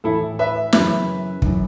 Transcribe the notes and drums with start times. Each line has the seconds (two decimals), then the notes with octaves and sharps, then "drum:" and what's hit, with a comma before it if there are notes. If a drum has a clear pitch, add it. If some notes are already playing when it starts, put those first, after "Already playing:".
0.04 A2 E3 E4 A4
0.39 B4 E5
0.73 F#2 C#3 E3 B4 E5, drum: snare
1.42 F#2 E3, drum: kick